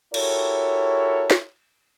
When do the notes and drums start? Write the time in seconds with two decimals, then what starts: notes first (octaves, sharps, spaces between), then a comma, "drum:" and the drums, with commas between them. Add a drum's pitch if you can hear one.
0.14 E4 F#4 G4 A4 A#4 C#5, drum: cymbal
1.31 drum: snare